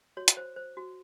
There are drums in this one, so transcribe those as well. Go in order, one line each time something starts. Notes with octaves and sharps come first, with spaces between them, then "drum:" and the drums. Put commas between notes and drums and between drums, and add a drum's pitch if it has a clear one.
F#4 C#5
drum: hi-hat
C5
C5
F#4